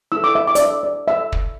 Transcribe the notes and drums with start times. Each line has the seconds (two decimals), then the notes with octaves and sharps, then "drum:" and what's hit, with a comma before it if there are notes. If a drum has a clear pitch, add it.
0.12 E4 A4 E6
0.24 D6
0.35 E5
0.48 D6
0.55 D5, drum: hi-hat
0.60 E5
0.83 D5
1.08 E5
1.32 drum: kick